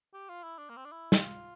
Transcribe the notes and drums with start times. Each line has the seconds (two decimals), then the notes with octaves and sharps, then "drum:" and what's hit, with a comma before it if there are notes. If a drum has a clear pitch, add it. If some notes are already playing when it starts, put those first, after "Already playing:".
0.13 G4
0.29 F4
0.43 E4
0.58 D4
0.69 A#3
0.77 C4
0.85 D4
0.92 E4
1.12 F4, drum: snare